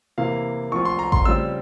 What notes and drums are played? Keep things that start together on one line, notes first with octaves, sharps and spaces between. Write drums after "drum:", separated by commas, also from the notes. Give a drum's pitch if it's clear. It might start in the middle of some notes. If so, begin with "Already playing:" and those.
C3 E3 A#3 E4 F5
F3 C4 F4 C#6
C6
A#5
C6, drum: kick A1
C#3 G3 C4 F4 E6